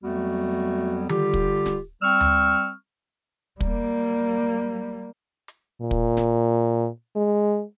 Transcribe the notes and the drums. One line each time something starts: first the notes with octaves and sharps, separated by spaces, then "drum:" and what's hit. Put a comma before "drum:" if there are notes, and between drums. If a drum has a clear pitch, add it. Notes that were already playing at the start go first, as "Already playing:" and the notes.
F2 F#3 G3 A3 B3 F#4
D3 G3 F4 G4, drum: tom D#3
drum: kick
drum: snare D1
G3 C4 C#6 E6 F6
drum: tom D2
G3 A#3, drum: kick
drum: hi-hat
A#2
drum: kick
drum: snare D1
G#3